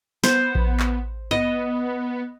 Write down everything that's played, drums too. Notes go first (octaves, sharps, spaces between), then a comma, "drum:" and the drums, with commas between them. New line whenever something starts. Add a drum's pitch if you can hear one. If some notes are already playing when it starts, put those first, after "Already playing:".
B3 C5, drum: snare
drum: kick A#1
drum: clap
B3 D#5, drum: tom G2